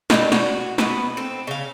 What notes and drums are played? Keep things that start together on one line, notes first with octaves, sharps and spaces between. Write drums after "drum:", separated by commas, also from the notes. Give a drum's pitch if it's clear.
B2 D#3 F3 G3, drum: snare
F#4, drum: snare
B2 B3 B4, drum: snare
C4 A4
C#3 F5